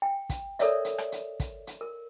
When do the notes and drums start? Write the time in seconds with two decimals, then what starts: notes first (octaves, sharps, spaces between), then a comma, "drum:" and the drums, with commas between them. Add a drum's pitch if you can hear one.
0.02 G5
0.30 drum: kick, hi-hat
0.59 A4 A#4 C#5 D5 E5, drum: hi-hat
0.85 drum: hi-hat
0.98 drum: rim click
1.12 drum: hi-hat
1.40 drum: kick, hi-hat
1.67 drum: hi-hat
1.81 A#4